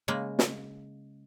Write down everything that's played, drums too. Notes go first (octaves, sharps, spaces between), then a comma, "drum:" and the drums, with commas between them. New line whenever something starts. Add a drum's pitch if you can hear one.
C#3 G#3 A#3
drum: snare